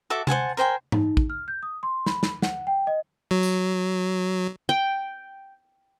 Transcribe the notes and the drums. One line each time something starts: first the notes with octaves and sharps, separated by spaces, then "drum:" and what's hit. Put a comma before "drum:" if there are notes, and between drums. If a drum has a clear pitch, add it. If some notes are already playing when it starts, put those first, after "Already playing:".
F#4 A4 E5 D6
C5 F#5 G#5 A5, drum: tom C3
A#4 C5 G5 G#5
D#4, drum: tom G#2
drum: kick
F6
G6
D#6
C6
B5, drum: snare
drum: snare
F#5, drum: snare
G5
D#5
F#3
drum: tambourine
G5